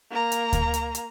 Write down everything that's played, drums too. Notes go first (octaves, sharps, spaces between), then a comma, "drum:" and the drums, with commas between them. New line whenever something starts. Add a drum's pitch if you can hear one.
A#3 A#5
drum: hi-hat
drum: kick D2, hi-hat
drum: hi-hat
drum: hi-hat